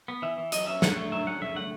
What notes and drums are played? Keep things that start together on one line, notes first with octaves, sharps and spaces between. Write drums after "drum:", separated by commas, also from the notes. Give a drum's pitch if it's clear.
B3
E3 E5
E3
F#3 D#5, drum: hi-hat
C#4 E5
C#3 F#5, drum: snare
A3
F#3 E5
C#4 F#5
C#3 E5
A3 F#5